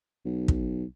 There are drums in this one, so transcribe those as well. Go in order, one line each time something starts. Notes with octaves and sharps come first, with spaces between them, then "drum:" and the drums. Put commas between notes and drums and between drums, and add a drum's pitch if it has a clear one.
B1
drum: kick